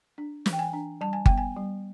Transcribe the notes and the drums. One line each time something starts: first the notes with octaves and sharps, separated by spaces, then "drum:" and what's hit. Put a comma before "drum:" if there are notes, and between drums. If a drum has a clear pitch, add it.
D4
E3, drum: snare
G5
G#5
D4
G3 A5
G#5
B3 G5, drum: kick G1
G#5
G3